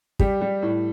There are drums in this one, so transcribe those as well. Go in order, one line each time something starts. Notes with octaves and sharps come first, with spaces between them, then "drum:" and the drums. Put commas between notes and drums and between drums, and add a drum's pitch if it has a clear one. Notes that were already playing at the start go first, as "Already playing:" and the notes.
G3 G4, drum: kick
G3
A2